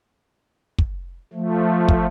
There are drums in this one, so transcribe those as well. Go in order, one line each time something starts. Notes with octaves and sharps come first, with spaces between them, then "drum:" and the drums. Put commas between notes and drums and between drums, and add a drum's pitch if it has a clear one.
drum: kick
F3 A3
drum: kick